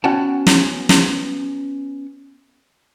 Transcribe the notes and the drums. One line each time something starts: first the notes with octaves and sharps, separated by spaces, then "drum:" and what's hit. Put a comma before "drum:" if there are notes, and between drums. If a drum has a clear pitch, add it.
B3 C#4 F#4 F#5 G5 A5
drum: snare
drum: snare